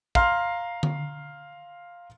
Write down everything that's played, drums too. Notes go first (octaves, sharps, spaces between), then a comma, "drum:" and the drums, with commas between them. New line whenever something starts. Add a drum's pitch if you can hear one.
F5 A#5 C6 F6, drum: kick
drum: tom D3